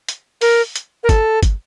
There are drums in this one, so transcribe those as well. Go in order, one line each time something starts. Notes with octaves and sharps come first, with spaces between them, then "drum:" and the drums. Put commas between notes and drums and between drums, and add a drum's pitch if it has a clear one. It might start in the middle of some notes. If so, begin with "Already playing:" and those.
drum: hi-hat
A#4, drum: open hi-hat
drum: hi-hat
A#4
A4, drum: kick G1, hi-hat
drum: kick G1, hi-hat